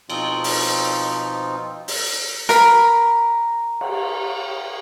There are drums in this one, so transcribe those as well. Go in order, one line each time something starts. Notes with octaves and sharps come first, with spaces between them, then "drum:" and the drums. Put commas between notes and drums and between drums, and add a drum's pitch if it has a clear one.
B2 F3 C4 D#4 F4, drum: cymbal
drum: open hi-hat
drum: open hi-hat
A#4 B5, drum: hi-hat
drum: cymbal